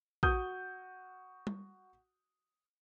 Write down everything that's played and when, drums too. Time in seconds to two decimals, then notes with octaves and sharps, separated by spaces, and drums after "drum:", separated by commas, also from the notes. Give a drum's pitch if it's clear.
0.23 F#4 D#6 G6, drum: kick
1.47 drum: tom G3